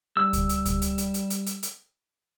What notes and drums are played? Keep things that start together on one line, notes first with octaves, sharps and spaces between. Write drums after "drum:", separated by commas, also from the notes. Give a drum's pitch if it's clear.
G3 E6
drum: kick C#2, hi-hat
drum: hi-hat
drum: kick C#2, hi-hat
drum: hi-hat
drum: hi-hat
drum: hi-hat
drum: hi-hat
drum: hi-hat
drum: hi-hat